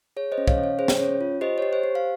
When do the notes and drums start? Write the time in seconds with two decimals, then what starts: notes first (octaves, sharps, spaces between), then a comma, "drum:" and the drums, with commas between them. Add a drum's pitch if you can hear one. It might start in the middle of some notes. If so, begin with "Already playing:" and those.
0.17 G#4 C#5
0.32 C5 D#5
0.38 C#4
0.48 C#5 F5, drum: kick
0.58 C#4
0.63 C#5
0.79 G#4 C5
0.88 drum: snare
0.99 C#4 C#5
1.21 F4
1.41 G4 C5 D#5
1.58 C#5
1.62 G4
1.73 C5
1.84 G4
1.95 F5